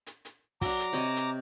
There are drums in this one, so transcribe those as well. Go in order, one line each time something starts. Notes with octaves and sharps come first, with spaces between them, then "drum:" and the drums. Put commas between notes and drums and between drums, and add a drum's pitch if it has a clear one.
drum: hi-hat
drum: hi-hat
F#3 D4 A#5 D6, drum: kick, open hi-hat
drum: hi-hat
C3 C#5 D#5
drum: hi-hat